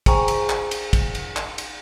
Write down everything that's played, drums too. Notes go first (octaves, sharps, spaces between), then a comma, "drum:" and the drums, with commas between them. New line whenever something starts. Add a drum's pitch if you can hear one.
G#4 C5 G5 G#5 A#5 C#6, drum: kick, cymbal
drum: cymbal
drum: clap
drum: cymbal
drum: kick, cymbal
drum: cymbal
drum: clap
drum: cymbal